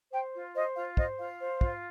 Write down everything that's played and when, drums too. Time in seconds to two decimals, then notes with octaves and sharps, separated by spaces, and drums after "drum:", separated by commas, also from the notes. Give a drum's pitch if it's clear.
0.12 C5 G5
0.35 F4
0.56 C5 D#5
0.76 F4 F5
0.97 C5 D#5, drum: kick
1.18 F4 F5
1.39 C5
1.61 F4, drum: kick